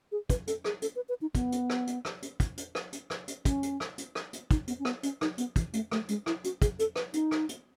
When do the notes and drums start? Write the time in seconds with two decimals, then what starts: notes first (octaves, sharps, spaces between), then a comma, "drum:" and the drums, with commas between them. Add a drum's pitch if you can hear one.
0.12 G#4
0.30 B4, drum: kick, hi-hat
0.47 A4, drum: hi-hat
0.64 G#4, drum: rim click
0.82 A4, drum: hi-hat
0.96 B4
1.09 B4
1.22 D#4
1.35 B3, drum: kick, hi-hat
1.52 drum: hi-hat
1.70 drum: rim click
1.87 drum: hi-hat
2.05 drum: rim click
2.22 drum: hi-hat
2.40 drum: kick, hi-hat
2.57 drum: hi-hat
2.75 drum: rim click
2.93 drum: hi-hat
3.10 drum: rim click
3.28 drum: hi-hat
3.45 C#4, drum: kick, hi-hat
3.63 drum: hi-hat
3.80 drum: rim click
3.98 drum: hi-hat
4.15 drum: rim click
4.33 drum: hi-hat
4.51 D#4, drum: kick, hi-hat
4.67 B3, drum: hi-hat
4.79 C#4
4.85 B3, drum: rim click
5.03 C#4, drum: hi-hat
5.21 D#4, drum: rim click
5.38 B3, drum: hi-hat
5.56 E3, drum: kick, hi-hat
5.73 A3, drum: hi-hat
5.91 A3, drum: rim click
6.08 G#3, drum: hi-hat
6.26 E4, drum: rim click
6.44 F#4, drum: hi-hat
6.62 G#4, drum: kick, hi-hat
6.79 A4, drum: hi-hat
6.96 B4, drum: rim click
7.13 D#4, drum: hi-hat
7.31 drum: rim click
7.49 drum: hi-hat